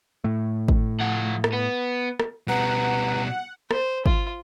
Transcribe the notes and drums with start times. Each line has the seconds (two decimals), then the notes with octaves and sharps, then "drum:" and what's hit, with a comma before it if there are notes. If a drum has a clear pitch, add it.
0.24 A2 A3
0.68 drum: kick G#1
1.01 F3 F#5
1.44 drum: rim click
1.53 B3
2.20 drum: rim click
2.48 B2 G3 B4 F#5 A#5
3.71 C5, drum: rim click
4.06 F4, drum: kick G#1